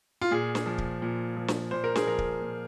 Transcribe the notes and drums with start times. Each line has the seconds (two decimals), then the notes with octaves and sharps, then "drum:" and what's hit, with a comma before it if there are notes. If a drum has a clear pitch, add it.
0.22 F4
0.31 A#2 G#4
0.55 drum: snare
0.66 F3
0.78 drum: kick
1.02 A#2
1.37 F3
1.48 drum: snare
1.71 A#2 C5
1.84 A#4
1.96 G#4, drum: snare
2.07 F3 A#4
2.18 drum: kick
2.41 A#2